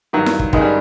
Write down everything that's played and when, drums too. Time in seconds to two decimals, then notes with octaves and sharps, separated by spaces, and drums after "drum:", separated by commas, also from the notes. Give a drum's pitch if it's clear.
0.13 G2 D#3 F#3
0.26 drum: snare E4
0.39 drum: kick
0.53 G2 D#3 G#3, drum: kick
0.61 G3